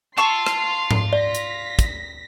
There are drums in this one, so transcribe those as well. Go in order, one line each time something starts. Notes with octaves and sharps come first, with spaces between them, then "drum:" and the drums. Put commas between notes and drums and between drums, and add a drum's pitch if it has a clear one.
F4 A5 C6 C#6 E6 C7
drum: rim click
drum: tom G#2
D5 A#6 B6
drum: hi-hat
drum: kick, hi-hat